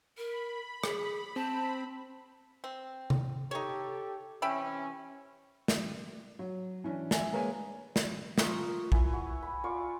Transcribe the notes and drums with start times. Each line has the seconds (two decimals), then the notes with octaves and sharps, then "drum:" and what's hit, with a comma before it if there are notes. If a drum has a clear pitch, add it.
0.17 A#4 B5
0.84 G#4, drum: rim click
1.36 C4 A5
2.64 C4
3.10 drum: tom C3
3.51 D#4 G4 A4 C#5
4.42 C3 E3 C#4 E5 G5 B5
5.68 drum: snare
6.39 F#3
6.84 E3 C#4 D4
7.11 E5 G#5, drum: snare
7.32 G#3 A#3 B4 C#5 G#5
7.96 drum: snare
8.38 F4 A#4 C#6 D#6, drum: snare
8.92 E4 B4 G#5, drum: kick B1
9.13 F#4
9.42 B5
9.64 F4 D5 C#6